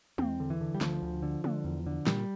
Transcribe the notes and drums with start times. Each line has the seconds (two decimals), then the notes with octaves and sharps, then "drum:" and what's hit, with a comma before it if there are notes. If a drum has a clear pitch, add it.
0.18 E2 C4, drum: tom
0.40 D3
0.50 E3
0.61 D3
0.75 G3
0.81 D2 F3, drum: snare
1.02 D2
1.23 D3
1.44 D3, drum: tom
1.64 E2
1.86 D3
2.07 A#2 G3, drum: snare